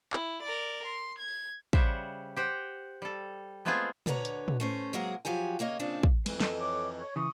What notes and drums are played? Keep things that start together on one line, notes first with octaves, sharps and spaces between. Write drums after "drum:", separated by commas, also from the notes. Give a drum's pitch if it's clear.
E4, drum: clap
A#4 D5
C6
G#6
C#3 G3 C5 E5 F#5, drum: kick
G4 C5 F#5 G5
G3 A4
G#3 A3 B3 C4 F4 G#4
D2 D3 B4 C#5 A#5, drum: tom
drum: hi-hat
drum: tom
A3 C#4 C5
C3 F#3 G#3 A#3 G#4 A#4
F3 F#3 G4 G#5
C#3 A#3 C#5 D#5
A#2 C#3 C4 D4 D#4
drum: kick
F2 E3 G#3, drum: cymbal
A4 D#5, drum: snare
C#5 D6
C#5
C#3 E3 C#6 D#6